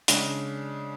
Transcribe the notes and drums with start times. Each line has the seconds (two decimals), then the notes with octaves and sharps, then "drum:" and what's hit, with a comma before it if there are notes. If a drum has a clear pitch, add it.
0.08 C#3 G#3 D4, drum: hi-hat